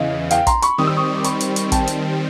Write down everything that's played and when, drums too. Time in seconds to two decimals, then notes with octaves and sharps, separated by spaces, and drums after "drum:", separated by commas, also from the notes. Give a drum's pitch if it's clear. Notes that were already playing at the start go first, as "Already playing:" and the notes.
Already playing: E2 C#3 E3 D#5 F5
0.31 F5 G5, drum: hi-hat
0.47 A#5 C6, drum: kick, hi-hat
0.62 B5 C#6, drum: hi-hat
0.78 D#3 G3 C4 D#6
0.87 E6
0.96 C#6 D#6
1.16 D6
1.24 B5 C#6, drum: hi-hat
1.40 drum: hi-hat
1.56 drum: hi-hat
1.72 G5 A5, drum: kick, hi-hat
1.87 drum: hi-hat